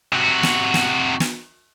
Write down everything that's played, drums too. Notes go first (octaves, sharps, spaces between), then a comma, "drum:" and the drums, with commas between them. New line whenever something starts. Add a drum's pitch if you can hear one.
C3 F#4
drum: snare
drum: snare
drum: snare